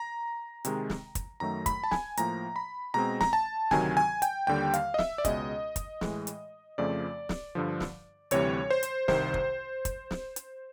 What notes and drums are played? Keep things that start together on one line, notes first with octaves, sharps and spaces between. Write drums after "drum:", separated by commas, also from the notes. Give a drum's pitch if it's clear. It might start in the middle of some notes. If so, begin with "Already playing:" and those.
Already playing: A#5
C3 D#3 G#3, drum: hi-hat
drum: snare
drum: kick, hi-hat
F#2 D#3 F#3 A3 A#5
B5, drum: kick, hi-hat
A5
G#5, drum: snare
A2 F3 A#3 A#5, drum: hi-hat
B5
B2 G#3 C4 A#5
A#5, drum: snare
A5
D2 C3 D#3 F#3 G#5, drum: snare
G#5
G5, drum: hi-hat
D#2 D3 G3 G5
F5, drum: hi-hat
D#5
E5, drum: snare
D5
C#2 B2 G#3 C#4 D#5, drum: kick, hi-hat
drum: kick, hi-hat
A2 E3 G#3, drum: snare
drum: hi-hat
F2 C#3 F3 A3 D5
drum: snare
G2 D3 F3
drum: snare
D2 C3 E3 G3 C#5, drum: hi-hat
C5
drum: hi-hat
C2 C3 D#3 C5, drum: snare
drum: kick
drum: kick, hi-hat
drum: snare
drum: hi-hat